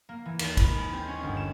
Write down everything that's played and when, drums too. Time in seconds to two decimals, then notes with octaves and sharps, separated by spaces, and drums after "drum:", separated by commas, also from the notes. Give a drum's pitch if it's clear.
0.09 A#3
0.26 E3
0.39 D#2, drum: cymbal
0.57 B5, drum: kick, cymbal
0.75 G#3
0.93 C4
1.08 C#4
1.23 G1
1.37 E7